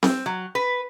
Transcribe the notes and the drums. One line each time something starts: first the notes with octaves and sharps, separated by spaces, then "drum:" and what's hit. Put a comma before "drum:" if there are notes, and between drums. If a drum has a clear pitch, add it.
C4, drum: snare C4
F#3
B4